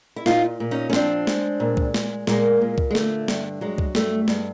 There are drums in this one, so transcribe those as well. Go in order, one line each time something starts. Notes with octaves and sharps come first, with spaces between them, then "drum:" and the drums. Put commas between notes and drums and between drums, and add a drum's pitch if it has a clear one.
E4
A#2 D#4 F4, drum: snare
A#2
C#4 D#4
C#4
F3 C4 D4, drum: snare
G#3, drum: snare
A#2
drum: kick C#2
G#3, drum: snare
A#2 G#3 A#3, drum: snare
A#2
drum: kick C#2
G#3
D3 A3, drum: snare
G2, drum: snare
F#3 G#3
drum: kick C#2
G2 A3, drum: snare
G2 G#3, drum: snare